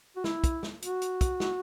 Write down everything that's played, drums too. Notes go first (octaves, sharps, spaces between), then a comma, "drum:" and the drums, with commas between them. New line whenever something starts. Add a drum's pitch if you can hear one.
F#4
E4, drum: snare
drum: kick, hi-hat
drum: snare
F#4, drum: hi-hat
drum: hi-hat
drum: kick, hi-hat
drum: snare